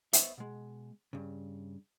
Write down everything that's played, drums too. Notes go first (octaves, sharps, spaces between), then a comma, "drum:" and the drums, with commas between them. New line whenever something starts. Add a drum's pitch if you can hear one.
B3 C5 C#5 D#5 E5, drum: hi-hat
B2 G#3
G2 C#3